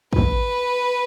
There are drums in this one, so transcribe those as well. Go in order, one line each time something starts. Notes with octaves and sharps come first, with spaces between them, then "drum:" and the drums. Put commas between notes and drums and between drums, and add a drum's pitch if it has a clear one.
B4, drum: kick